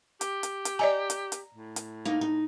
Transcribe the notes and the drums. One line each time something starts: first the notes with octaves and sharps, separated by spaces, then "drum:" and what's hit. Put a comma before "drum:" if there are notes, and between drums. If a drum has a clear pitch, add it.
G4, drum: hi-hat
drum: hi-hat
drum: hi-hat
D5 D#5 G#5 A#5
drum: hi-hat
drum: hi-hat
A2
drum: hi-hat
A#3 D#4
D#4